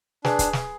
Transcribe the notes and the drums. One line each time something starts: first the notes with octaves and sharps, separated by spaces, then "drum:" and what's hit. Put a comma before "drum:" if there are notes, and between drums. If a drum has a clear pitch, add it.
D4 G#4 B4, drum: snare
drum: kick, hi-hat
drum: snare